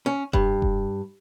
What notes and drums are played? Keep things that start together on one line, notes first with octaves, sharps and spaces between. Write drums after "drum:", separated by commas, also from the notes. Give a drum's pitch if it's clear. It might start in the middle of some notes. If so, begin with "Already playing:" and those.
C#4
G2, drum: kick F1
drum: kick F1